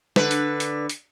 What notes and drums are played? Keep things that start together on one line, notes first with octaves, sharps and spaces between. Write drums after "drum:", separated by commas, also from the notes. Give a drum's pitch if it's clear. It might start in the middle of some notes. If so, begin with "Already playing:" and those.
D3 B4, drum: snare
drum: hi-hat
drum: hi-hat
drum: hi-hat